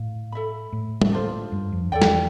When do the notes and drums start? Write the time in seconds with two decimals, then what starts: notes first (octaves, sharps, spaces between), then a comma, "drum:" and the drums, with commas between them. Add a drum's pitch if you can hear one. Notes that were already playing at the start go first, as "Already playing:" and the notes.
Already playing: A2 F5
0.32 A4 E5 B5
0.73 A2
1.02 drum: tom
1.12 D4 F4 A4 C5
1.52 G2
1.72 F2
1.92 E2 A4 D5 G5
2.02 drum: snare